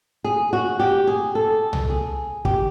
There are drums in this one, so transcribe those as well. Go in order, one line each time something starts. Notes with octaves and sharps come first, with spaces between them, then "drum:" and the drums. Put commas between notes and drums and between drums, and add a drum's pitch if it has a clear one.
G#4
F#4
G4
G#4
A4
drum: tom C2
G#4
G4, drum: kick